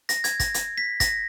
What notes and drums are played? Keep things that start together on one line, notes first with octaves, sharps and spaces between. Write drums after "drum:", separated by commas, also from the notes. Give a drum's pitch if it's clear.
A#6, drum: hi-hat
G#6, drum: hi-hat
A#6, drum: kick, hi-hat
drum: hi-hat
B6
A#6, drum: kick, hi-hat